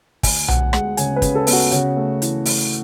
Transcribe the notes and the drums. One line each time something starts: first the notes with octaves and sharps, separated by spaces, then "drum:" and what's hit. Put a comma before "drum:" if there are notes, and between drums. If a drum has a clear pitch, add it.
D2 G#5, drum: kick, open hi-hat
D2 F#5, drum: tom B1
G#3 F#5, drum: rim click
C#3 G#5, drum: hi-hat
B4
C#3, drum: kick, hi-hat
A4
B3, drum: open hi-hat
F#4
C#3 F#4, drum: hi-hat
A3
E3, drum: hi-hat
A3, drum: open hi-hat